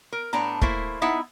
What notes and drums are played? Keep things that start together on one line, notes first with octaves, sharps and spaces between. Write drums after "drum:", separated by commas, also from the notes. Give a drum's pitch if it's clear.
A#4
A2 B3 D4 A5 A#5
A3 A#3 E4 C5, drum: kick
B3 D#4 E4 E5 F#5